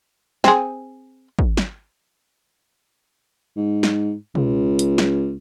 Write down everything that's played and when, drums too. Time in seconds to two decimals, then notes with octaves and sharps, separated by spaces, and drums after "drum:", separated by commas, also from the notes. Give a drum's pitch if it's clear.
0.44 C4 G#4, drum: snare
1.39 drum: kick
1.57 drum: snare
3.57 G#2
3.83 drum: snare
4.35 C#2, drum: tom B2
4.79 drum: hi-hat
4.98 drum: snare